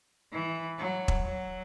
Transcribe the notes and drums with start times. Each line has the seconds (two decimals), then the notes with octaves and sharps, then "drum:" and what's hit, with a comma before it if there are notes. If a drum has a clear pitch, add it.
0.32 E3
0.78 F#3
1.08 drum: kick E1
1.23 F#3